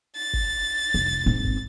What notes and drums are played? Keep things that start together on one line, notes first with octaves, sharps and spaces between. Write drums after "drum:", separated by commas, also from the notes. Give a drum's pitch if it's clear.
A6
drum: kick G1
F1
G#2 C4
drum: kick G1